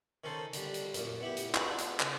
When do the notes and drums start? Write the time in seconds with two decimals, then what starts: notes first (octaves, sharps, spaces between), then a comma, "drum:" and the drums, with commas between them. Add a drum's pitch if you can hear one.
0.24 D#3 C#4 D#4 A4 C5
0.53 D3 G3, drum: hi-hat
0.74 drum: hi-hat
0.94 F#2 A#2, drum: hi-hat
1.21 B3 E4 G4
1.37 drum: hi-hat
1.55 D4 D#4 F4 F#4 G#4 B4, drum: clap
1.78 drum: hi-hat
2.00 C#3, drum: clap